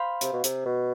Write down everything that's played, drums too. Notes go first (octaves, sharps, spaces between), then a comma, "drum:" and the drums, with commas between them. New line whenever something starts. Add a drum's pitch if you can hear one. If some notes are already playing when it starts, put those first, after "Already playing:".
Already playing: C5 F5 B5
C3, drum: hi-hat
B2
C3, drum: hi-hat
B2